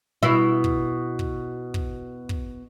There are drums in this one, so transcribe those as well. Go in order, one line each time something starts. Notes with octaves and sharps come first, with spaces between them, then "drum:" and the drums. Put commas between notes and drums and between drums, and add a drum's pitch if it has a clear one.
B2 E4
drum: kick
drum: kick
drum: kick
drum: kick